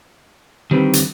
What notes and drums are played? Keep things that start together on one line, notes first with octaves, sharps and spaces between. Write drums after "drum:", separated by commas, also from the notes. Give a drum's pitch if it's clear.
D3 D#3 G3 C4 G4 B4
drum: hi-hat